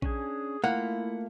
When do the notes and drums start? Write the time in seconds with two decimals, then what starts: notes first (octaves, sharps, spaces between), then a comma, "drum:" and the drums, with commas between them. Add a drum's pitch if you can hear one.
0.02 C#4 D4 G#4 G#5, drum: kick A#1
0.64 A3 A#3 E4 F4 F#5